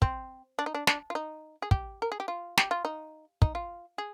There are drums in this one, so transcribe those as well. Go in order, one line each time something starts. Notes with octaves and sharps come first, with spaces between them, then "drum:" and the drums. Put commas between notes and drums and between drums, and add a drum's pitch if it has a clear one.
C4, drum: kick
D4
D#4
D4
D4, drum: snare
F4
D#4
G#4
G4, drum: kick
A#4
G#4
G4
F4
G4, drum: snare
F4
D#4
D#4, drum: kick
F4
G#4